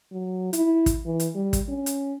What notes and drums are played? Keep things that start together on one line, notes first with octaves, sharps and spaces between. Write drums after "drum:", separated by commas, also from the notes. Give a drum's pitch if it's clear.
F#3
E4, drum: hi-hat
drum: kick, hi-hat
E3
drum: hi-hat
G3
drum: kick, hi-hat
C#4
drum: hi-hat